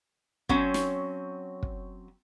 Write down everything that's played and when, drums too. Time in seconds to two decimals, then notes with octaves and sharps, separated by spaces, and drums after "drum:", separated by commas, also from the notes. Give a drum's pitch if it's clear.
0.49 F#3 C4 C#4, drum: kick
0.74 drum: snare
1.63 drum: kick